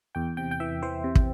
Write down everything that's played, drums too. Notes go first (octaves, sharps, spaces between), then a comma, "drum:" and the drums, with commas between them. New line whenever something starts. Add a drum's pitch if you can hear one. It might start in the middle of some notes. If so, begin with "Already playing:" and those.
E2 G5
C3 G5
G5
E3 E5
E3 C5
C3
drum: kick